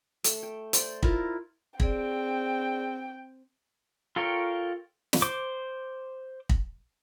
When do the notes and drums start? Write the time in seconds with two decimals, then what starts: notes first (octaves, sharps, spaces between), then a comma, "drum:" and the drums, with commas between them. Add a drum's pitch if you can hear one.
0.24 A3, drum: hi-hat
0.43 G5
0.73 C5 D5, drum: hi-hat
1.03 E4 F4 A#4, drum: kick
1.80 C4 G#4 D5 G5, drum: kick
4.16 F4 A4 A#4 C#5 G5
5.13 drum: snare
5.22 C5 D6
6.49 drum: kick